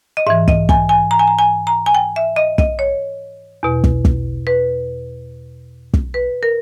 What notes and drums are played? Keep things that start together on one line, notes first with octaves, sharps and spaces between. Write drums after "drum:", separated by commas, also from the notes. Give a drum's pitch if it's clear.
D#5
G#2 E3 E5
D#5, drum: kick
G#5, drum: kick
G#5
A#5
G#5
A#5
G#5
A#5
G#5
G5
E5
D#5
D#5, drum: kick
C#5
E2 B2
drum: kick
drum: kick
B4
drum: kick
B4
A#4